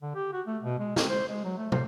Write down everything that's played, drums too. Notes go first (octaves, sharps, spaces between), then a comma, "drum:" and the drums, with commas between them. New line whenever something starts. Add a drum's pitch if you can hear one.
D3
G4
F#4
A3
B2
G#3
C4, drum: snare
C5
G#3
F#3
A3
C5, drum: tom